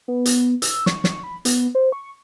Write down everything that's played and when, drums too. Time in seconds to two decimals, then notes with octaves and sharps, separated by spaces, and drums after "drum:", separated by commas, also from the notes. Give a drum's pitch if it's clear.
0.08 B3
0.25 drum: hi-hat
0.62 E6, drum: hi-hat
0.86 C#6, drum: snare
1.04 drum: snare
1.23 B5
1.45 B3, drum: hi-hat
1.75 C5
1.92 C#6